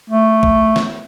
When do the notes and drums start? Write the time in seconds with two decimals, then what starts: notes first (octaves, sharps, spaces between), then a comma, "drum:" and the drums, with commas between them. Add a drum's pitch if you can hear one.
0.10 A3
0.43 drum: kick
0.76 drum: snare